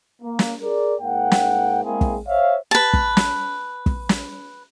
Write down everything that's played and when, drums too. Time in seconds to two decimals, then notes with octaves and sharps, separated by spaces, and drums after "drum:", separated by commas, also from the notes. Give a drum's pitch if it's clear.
0.22 A#3
0.39 drum: snare
0.62 G#4 A#4 D5
1.00 G#2 A#3 F#5 G5
1.31 drum: snare
1.84 G#3 A#3 C4 E4 G#4
2.01 drum: kick
2.27 C5 C#5 E5 F5
2.71 B4 A5
2.93 drum: kick
3.17 drum: snare
3.86 drum: kick
4.09 drum: snare